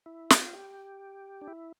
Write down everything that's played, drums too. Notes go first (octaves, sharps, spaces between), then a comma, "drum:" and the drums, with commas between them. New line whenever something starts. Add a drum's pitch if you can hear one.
E4
F4, drum: snare
G4
D4
E4